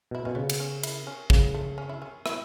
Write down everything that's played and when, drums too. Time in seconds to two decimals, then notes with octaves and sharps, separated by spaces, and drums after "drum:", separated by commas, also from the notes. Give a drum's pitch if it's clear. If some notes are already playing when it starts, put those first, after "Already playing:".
0.11 B2 E4
0.25 B2 C#4
0.35 C#3 B3
0.50 B3, drum: cymbal
0.60 C#4
0.83 E4, drum: cymbal
1.07 C#4
1.30 C#3 B3, drum: kick
1.54 A3
1.78 C#4
1.89 E4
2.02 C#4
2.26 E4, drum: rim click